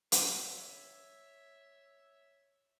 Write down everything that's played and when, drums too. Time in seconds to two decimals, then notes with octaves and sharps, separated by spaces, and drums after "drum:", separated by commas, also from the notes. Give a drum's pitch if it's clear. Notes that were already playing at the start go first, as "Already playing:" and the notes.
0.12 C#5 E5, drum: hi-hat